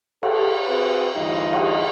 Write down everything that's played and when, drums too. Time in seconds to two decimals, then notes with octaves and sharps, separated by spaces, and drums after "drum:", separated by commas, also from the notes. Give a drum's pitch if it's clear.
0.23 G4 A4, drum: cymbal
0.67 C4 F#4 G#4 B4
1.16 D2 G2 E3 D#4 F4 D#5
1.53 drum: cymbal